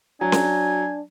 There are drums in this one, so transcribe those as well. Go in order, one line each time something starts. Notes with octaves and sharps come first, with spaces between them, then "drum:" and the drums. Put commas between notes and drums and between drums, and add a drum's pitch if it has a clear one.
F#3 D4 G#5
drum: snare C#4